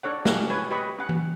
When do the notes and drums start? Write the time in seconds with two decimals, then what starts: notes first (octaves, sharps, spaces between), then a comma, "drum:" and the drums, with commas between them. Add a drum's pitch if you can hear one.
0.03 D4 A4 C#5 F#5
0.25 C#4 F#4 G4 F5 F#5, drum: snare
0.50 B4 C#5 G#5
0.71 G4 B4 D#5 B5 C#6
0.99 C#4 F#5
1.09 drum: tom E3